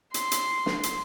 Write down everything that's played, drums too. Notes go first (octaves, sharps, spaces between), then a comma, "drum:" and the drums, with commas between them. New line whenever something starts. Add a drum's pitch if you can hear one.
C6, drum: hi-hat
drum: hi-hat
drum: snare
drum: hi-hat